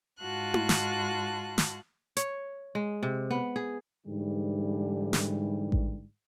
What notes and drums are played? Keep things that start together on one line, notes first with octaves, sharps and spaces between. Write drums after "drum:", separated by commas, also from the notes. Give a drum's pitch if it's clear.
G#2 F4 F#4 A5 F#6
drum: tom E4
drum: snare
drum: snare
C#5, drum: hi-hat
G#3
C3
B3
G#4
G#2 D3 E3 G3
drum: snare
drum: kick A1